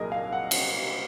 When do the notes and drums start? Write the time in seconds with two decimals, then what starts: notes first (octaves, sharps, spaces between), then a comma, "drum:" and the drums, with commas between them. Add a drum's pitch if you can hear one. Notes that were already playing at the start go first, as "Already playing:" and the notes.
Already playing: C2 A#2 F#3 A#3 G#4 A#4 D#5
0.12 F5
0.32 F#5
0.51 drum: cymbal